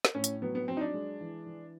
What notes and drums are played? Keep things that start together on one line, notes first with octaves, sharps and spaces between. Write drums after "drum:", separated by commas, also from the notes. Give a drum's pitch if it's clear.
drum: snare
A2 C#4
drum: hi-hat
F#3 B3
B3
F#3 C4
D#4
D4
G#3
E3
E3